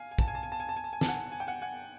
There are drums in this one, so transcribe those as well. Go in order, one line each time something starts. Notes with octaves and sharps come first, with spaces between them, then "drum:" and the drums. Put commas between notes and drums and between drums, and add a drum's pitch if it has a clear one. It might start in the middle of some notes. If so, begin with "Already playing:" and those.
Already playing: F5 G#5
G#5
A5, drum: kick
G#5
A5
G#5
A5
G#5
A5
G#5
A5
G#5
A5, drum: snare
F#5 G#5
G#5
G5
F#5 G#5
F#5 G#5